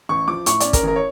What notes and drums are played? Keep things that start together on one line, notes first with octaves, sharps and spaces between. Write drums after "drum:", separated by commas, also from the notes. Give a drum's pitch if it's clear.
A1 C#6
F3 D6
A2 C#6, drum: hi-hat
C#4 D5, drum: hi-hat
A#4, drum: kick, hi-hat
A1 A#4
C#5